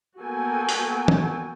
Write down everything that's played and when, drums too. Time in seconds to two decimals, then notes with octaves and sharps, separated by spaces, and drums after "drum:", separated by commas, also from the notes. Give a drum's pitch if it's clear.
0.21 A#3 B3 F#4 A4 G5 G#5
0.69 drum: open hi-hat
1.08 drum: tom